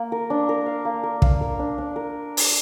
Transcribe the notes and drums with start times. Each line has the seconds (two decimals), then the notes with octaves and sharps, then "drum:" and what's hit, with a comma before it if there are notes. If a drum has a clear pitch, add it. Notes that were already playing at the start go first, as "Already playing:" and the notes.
Already playing: A#3
0.12 A#4
0.30 D4
0.49 A#4
0.66 F5
0.85 A#3
1.03 A#4
1.22 F5, drum: kick
1.41 A#4
1.59 D4
1.78 D4
1.96 A#4
2.37 drum: open hi-hat